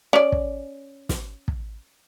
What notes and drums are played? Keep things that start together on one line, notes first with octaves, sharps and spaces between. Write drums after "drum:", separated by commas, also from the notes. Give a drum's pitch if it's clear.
C#4 D5
drum: kick
drum: snare
drum: kick